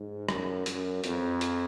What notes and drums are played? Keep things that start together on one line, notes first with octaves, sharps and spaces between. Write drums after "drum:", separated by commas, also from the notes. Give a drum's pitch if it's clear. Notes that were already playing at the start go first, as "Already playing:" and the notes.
Already playing: G#2
F#2, drum: rim click
F#2, drum: hi-hat
F2, drum: hi-hat
drum: hi-hat